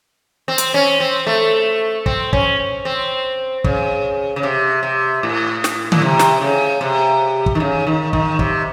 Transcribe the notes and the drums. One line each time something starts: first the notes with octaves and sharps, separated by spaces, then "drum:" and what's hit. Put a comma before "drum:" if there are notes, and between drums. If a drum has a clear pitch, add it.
C4
drum: hi-hat
C#4
C4
A3
C4, drum: kick
C#4, drum: kick
C4
C#3, drum: kick
C#3
C3
C3
A2
drum: snare
A2, drum: tom D3
C3
drum: snare
C#3
C3
drum: kick
D#3
C#3
D#3
D#3, drum: kick
C3, drum: kick